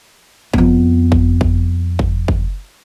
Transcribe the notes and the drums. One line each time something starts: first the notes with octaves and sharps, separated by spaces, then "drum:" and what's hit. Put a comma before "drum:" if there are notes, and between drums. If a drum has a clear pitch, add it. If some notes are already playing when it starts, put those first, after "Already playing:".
F2 B3, drum: kick F#1
drum: kick F#1
drum: kick F#1
drum: kick F#1
drum: kick F#1